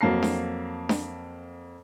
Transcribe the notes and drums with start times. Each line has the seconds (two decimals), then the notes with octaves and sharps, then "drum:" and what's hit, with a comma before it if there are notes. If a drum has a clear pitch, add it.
0.01 F2 F#3 A#3 A5 A#5 C7
0.23 drum: snare D4
0.89 drum: snare D4